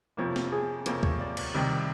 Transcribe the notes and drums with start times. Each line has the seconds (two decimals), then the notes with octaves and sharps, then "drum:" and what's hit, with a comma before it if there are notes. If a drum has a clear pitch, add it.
0.17 F2 C3 F3 A#3 C#5
0.36 drum: snare
0.52 G#4
0.86 F2 C3 F3 A#3 C#5, drum: hi-hat
1.03 C#5, drum: kick D2
1.20 D5
1.37 C#5, drum: cymbal
1.54 C2 C3 D#3 D5